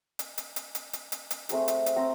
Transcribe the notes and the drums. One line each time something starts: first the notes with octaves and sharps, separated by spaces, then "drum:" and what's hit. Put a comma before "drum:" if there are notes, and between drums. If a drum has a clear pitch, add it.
drum: hi-hat
drum: hi-hat
drum: hi-hat
drum: hi-hat
drum: hi-hat
drum: hi-hat
drum: hi-hat
A3 C4 G#4 A#5, drum: hi-hat
drum: hi-hat
drum: hi-hat
C4 G5 A#5